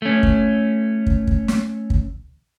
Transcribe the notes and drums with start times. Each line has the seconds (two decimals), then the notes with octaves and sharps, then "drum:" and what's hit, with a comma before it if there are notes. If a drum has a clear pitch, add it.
0.02 A3 C#4
0.23 drum: kick
1.06 drum: kick
1.27 drum: kick
1.48 drum: snare
1.90 drum: kick